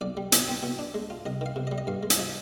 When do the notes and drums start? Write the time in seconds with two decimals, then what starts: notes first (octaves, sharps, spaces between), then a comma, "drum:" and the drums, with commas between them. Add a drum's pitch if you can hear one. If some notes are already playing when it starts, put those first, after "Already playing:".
0.01 B1 D5
0.17 G3
0.32 B2, drum: hi-hat
0.48 C4
0.63 B2
0.79 D4
0.94 G#3
1.10 F4
1.26 C2 D#5
1.41 D#3 F5
1.56 C3
1.67 D#5
1.71 G3
1.78 D#5
1.87 G2 F5
2.03 G#3
2.10 F5, drum: hi-hat
2.18 F3 D#5